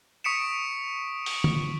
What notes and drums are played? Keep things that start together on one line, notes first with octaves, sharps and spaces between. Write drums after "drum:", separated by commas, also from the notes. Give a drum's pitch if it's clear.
C#6 D#6 B6 C#7 D7 E7
drum: open hi-hat
drum: tom D3